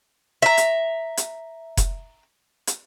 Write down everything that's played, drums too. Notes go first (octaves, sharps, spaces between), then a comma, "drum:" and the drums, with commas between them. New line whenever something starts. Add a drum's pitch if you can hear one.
E5 A#5
drum: hi-hat
drum: hi-hat
drum: kick F1, hi-hat
drum: hi-hat